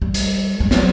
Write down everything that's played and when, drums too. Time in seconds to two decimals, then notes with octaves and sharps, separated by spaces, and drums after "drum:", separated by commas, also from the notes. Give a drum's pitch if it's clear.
0.02 G3
0.14 drum: hi-hat
0.60 G3
0.71 F#3, drum: snare